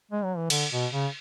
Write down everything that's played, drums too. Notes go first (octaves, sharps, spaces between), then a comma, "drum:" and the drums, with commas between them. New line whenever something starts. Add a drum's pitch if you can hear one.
G#3
F#3
E3
D3, drum: cymbal
B2
C#3